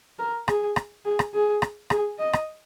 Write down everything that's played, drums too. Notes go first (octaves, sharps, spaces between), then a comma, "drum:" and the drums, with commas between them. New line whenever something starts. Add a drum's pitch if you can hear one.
A#4
G#4, drum: rim click
drum: rim click
G#4
drum: rim click
G#4
drum: rim click
G#4, drum: rim click
D#5
drum: rim click